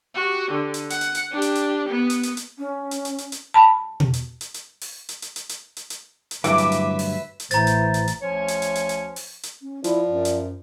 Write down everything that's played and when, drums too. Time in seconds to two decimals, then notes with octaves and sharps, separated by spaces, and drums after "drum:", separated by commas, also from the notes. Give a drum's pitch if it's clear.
0.14 F#4 G4
0.51 D3
0.74 drum: hi-hat
0.90 F#5, drum: hi-hat
1.01 drum: hi-hat
1.15 drum: hi-hat
1.31 D4 G4
1.42 drum: hi-hat
1.55 drum: hi-hat
1.89 B3
2.10 drum: hi-hat
2.23 drum: hi-hat
2.37 drum: hi-hat
2.59 C#4
2.91 drum: hi-hat
3.05 drum: hi-hat
3.18 drum: hi-hat
3.32 drum: hi-hat
3.54 A5 B5
4.00 drum: tom B2
4.14 drum: hi-hat
4.41 drum: hi-hat
4.54 drum: hi-hat
4.81 drum: open hi-hat
5.09 drum: hi-hat
5.22 drum: hi-hat
5.36 drum: hi-hat
5.49 drum: hi-hat
5.77 drum: hi-hat
5.90 drum: hi-hat
6.31 drum: hi-hat
6.44 D2 G2 E3 F#3 B4 E5 D6, drum: hi-hat
6.58 drum: hi-hat
6.72 drum: hi-hat
6.99 drum: open hi-hat
7.40 drum: hi-hat
7.51 A1 E3 C5 A#5 A6, drum: hi-hat
7.67 drum: hi-hat
7.94 drum: hi-hat
8.08 drum: hi-hat
8.22 D2 F3 C#4 C#5 G#5
8.48 drum: hi-hat
8.62 drum: hi-hat
8.75 drum: hi-hat
8.89 drum: hi-hat
9.16 drum: open hi-hat
9.43 drum: hi-hat
9.62 C#4
9.84 F3 E4 D5, drum: hi-hat
10.09 F#2
10.25 drum: hi-hat